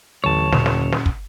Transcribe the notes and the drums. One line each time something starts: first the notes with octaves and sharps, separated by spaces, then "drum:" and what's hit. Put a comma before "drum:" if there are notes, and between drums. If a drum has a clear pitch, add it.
A1 D#2 D3 F#3 C#5 A5
F#1 A#2 C#4, drum: snare
drum: snare
drum: snare
drum: kick